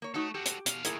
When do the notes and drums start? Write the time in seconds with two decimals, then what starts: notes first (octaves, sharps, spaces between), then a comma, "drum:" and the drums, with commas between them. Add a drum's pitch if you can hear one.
0.02 A#3 C#5
0.14 A3 D#4 F#4 A4 C#5
0.34 F#4 G4 A4
0.46 drum: hi-hat
0.66 B2 F5, drum: hi-hat
0.85 D#2 A2 E4 G#4 A#4, drum: hi-hat